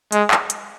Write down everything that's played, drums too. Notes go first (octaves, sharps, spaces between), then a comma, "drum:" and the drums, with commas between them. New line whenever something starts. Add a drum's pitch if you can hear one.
G#3, drum: hi-hat
drum: clap
drum: hi-hat